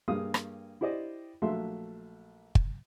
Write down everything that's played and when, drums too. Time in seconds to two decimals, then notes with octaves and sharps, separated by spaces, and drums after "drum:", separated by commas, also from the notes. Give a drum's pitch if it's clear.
0.08 G2 A#3 G4 G#4 F5 D#6
0.34 drum: rim click
0.81 E4 G4 C5 D5 D#5
1.42 A#1 F#3 A3 E5 C6
2.55 drum: kick